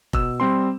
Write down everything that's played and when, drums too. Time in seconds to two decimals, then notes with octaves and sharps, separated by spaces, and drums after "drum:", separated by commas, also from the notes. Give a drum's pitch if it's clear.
0.13 B2 E6, drum: kick F1
0.40 G3 C4 C6